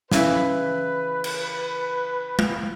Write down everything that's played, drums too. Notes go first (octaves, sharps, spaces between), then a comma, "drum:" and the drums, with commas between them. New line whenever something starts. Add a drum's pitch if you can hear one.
C#3 E3 E4 B4, drum: snare
drum: cymbal
drum: tom